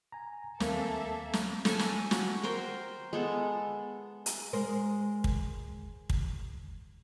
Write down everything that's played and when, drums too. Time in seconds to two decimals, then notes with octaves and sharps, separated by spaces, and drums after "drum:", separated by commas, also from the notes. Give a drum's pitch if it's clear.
0.12 G#5 A#5
0.60 D#2 A#3 C4 A4 E5 G#5, drum: snare
1.33 drum: snare
1.65 A4 G#5, drum: snare
1.79 drum: snare
2.11 F#4, drum: snare
2.43 A#4 C5 G5
3.13 G#3 B3 A4
4.26 drum: hi-hat
4.53 G#3 A#4 C5
5.24 drum: kick
6.10 drum: kick